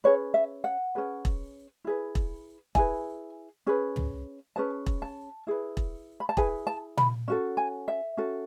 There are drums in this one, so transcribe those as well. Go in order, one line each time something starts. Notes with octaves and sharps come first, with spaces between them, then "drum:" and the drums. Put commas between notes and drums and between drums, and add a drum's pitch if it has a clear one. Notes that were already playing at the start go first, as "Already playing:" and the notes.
C#4 G#4 B4 C#5
E5
F#5
C#4 G#4 B4
drum: kick E1
E4 G#4 B4
drum: kick E1
E4 G#4 B4 G#5, drum: kick E1
C#4 G#4 B4
drum: tom
C#4 G#4 B4 A5
drum: kick E1
A5
E4 G#4 B4
drum: kick E1
B5
A5
E4 G#4 B4 G#5, drum: kick E1
A5
B5, drum: tom
C#4 F#4 A4
G#5
E5
C#4 F#4 A4